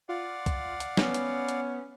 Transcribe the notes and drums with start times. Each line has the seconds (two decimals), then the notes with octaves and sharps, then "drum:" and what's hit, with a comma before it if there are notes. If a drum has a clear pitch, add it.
0.09 F4 D5 F5 F#5
0.46 drum: kick C2, hi-hat
0.80 drum: hi-hat
0.97 B3 C#4, drum: snare
1.14 drum: hi-hat
1.49 drum: hi-hat